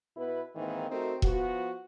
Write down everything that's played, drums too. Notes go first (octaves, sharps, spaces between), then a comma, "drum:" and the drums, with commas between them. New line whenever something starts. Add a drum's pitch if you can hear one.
B2 B3 E4 B4
G#2 D#3 E3 A#3 C4
A3 C4 D#4 F#4 A#4
F3 B3 F#4, drum: kick E1